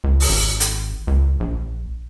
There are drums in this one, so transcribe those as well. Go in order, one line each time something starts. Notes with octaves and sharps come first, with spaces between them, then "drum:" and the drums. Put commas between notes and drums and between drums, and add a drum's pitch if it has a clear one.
C#2
drum: open hi-hat
G#1
drum: hi-hat
C#2
A#1